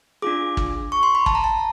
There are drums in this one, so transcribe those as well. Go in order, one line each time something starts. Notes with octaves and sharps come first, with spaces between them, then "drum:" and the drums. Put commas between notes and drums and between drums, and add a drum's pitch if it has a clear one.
D4 F4 G#4 D6
drum: kick
C#6
C6
B5
A5, drum: kick
A#5
A5